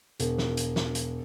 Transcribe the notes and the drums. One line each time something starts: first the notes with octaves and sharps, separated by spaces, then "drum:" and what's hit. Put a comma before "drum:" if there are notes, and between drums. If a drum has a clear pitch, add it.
E1, drum: hi-hat
drum: snare
drum: hi-hat
drum: snare
drum: hi-hat